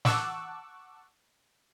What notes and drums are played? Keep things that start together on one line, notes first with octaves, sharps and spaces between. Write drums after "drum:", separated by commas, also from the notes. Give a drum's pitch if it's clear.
F#5 A5 C#6 D6 E6 F#6, drum: snare